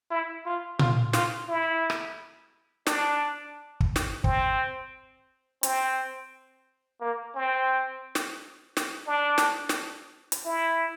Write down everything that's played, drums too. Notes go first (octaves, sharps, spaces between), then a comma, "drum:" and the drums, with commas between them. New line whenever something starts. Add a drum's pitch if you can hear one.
E4
F4
F4, drum: tom A#2
F4, drum: snare
E4
drum: rim click
D4, drum: snare
drum: kick
drum: snare
C4, drum: kick
C4, drum: hi-hat
A#3
C4
drum: snare
drum: snare
D4
drum: snare
drum: snare
drum: hi-hat
E4